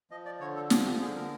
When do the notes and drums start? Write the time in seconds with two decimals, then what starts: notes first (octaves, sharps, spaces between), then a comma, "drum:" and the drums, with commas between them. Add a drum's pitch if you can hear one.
0.11 F3 D#5
0.26 D5
0.40 D3 C#5
0.56 A4
0.70 F3 G4, drum: snare
0.86 G4
1.00 D3 G#4
1.16 A#4